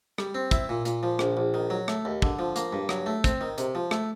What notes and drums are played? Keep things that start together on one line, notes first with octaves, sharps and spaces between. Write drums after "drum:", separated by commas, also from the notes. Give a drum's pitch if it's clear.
G3, drum: rim click
C4
E4, drum: kick, hi-hat
A#2
A#2, drum: hi-hat
F3
A#1, drum: rim click
A#1
D#3
F#3
A3, drum: rim click
D#2
D3, drum: kick
F3
A#3, drum: hi-hat
G2
F#3, drum: rim click
A3
C4, drum: kick, hi-hat
D#3
C3, drum: hi-hat
F3
A3, drum: rim click